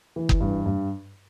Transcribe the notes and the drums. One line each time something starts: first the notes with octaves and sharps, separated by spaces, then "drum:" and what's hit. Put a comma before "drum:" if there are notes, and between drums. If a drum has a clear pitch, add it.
E3
drum: kick F#1
G2
G2